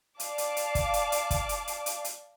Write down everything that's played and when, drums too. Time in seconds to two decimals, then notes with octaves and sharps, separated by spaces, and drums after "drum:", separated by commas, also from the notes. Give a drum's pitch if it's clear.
0.20 D5 F5 A5 D6, drum: hi-hat
0.38 drum: hi-hat
0.57 drum: hi-hat
0.75 drum: kick, hi-hat
0.94 drum: hi-hat
1.12 drum: hi-hat
1.31 drum: kick, hi-hat
1.49 drum: hi-hat
1.67 drum: hi-hat
1.86 drum: hi-hat
2.04 drum: hi-hat